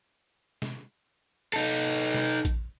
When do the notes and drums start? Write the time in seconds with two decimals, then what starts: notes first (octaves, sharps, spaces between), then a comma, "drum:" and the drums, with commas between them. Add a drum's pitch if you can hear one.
0.62 drum: snare
1.53 D#4 A4
1.84 drum: hi-hat
2.14 drum: snare
2.45 drum: kick A1, hi-hat